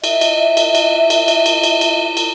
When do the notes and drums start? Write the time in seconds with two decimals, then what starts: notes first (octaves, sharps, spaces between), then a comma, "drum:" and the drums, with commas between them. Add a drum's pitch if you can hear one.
0.04 D#5 E5, drum: cymbal
0.21 drum: cymbal
0.57 drum: cymbal
0.75 drum: cymbal
1.10 drum: cymbal
1.28 drum: cymbal
1.46 drum: cymbal
1.63 drum: cymbal
1.81 drum: cymbal
2.17 drum: cymbal